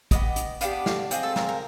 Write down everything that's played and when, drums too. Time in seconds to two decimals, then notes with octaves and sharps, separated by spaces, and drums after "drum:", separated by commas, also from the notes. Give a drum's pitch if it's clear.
0.11 B3 D4 G4 D#5, drum: kick, hi-hat
0.36 drum: hi-hat
0.61 B3 D4 G4 F5, drum: hi-hat
0.86 F5, drum: snare
1.11 C4 F4 G#4 D#5, drum: hi-hat
1.23 A4
1.36 A#4, drum: snare
1.49 A#4